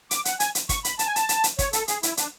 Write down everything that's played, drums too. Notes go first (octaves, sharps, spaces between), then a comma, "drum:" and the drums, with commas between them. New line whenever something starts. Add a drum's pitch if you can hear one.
D6, drum: hi-hat
F#5, drum: hi-hat
G#5, drum: hi-hat
drum: hi-hat
C#6, drum: kick, hi-hat
B5, drum: hi-hat
A5, drum: hi-hat
G#5
A5, drum: hi-hat
drum: hi-hat
drum: hi-hat
C#5, drum: kick, hi-hat
A4, drum: hi-hat
G#4, drum: hi-hat
E4, drum: hi-hat
D4, drum: hi-hat